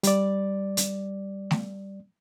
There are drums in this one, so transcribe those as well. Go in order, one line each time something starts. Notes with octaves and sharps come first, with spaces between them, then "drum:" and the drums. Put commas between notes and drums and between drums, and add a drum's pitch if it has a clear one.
G3 D5, drum: hi-hat
drum: hi-hat
drum: snare A3